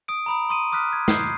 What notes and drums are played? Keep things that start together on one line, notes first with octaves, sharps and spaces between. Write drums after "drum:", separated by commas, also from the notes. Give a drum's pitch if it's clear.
D#6 D7
A#5 B5 D#6
C6 D#6 D#7
D6 D#6 F6 F#6 B6
G#6
D#6 G6 C7, drum: snare